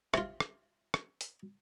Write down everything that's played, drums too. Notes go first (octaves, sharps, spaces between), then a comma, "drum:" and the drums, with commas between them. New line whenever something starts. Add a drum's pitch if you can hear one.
C3 F4, drum: rim click
drum: rim click
drum: rim click
drum: hi-hat